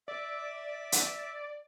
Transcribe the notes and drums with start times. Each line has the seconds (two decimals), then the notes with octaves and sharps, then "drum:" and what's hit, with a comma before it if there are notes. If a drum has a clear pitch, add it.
0.08 D5 E5
0.92 drum: hi-hat